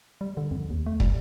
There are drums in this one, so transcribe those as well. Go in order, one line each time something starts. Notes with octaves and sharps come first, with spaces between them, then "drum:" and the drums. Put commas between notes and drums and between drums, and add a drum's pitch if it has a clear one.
G3
D3
F2
D#2
A3
G3, drum: kick